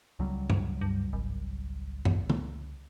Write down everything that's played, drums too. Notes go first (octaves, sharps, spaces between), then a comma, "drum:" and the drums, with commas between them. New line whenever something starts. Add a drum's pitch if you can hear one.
C#2 F#3 G3
drum: tom G2
G2
G#1
drum: tom F#2
drum: tom